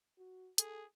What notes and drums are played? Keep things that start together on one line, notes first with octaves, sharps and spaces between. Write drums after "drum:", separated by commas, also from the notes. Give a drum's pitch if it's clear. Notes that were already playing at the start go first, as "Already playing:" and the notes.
F#4
G#4 A4, drum: hi-hat